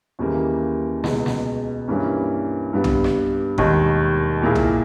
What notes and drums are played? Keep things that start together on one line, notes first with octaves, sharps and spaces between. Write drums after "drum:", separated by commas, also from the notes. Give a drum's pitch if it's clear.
D#2 C#3 E3 G3 A#3
C#2 B2 G#3, drum: snare
drum: snare
G2 E3 G3 A#3 C#4
G2 G3 B3
drum: tom B1
drum: rim click
E1 D#2 D#3 G3, drum: kick G1
A#2 A#3 E4 G#4
drum: tom B1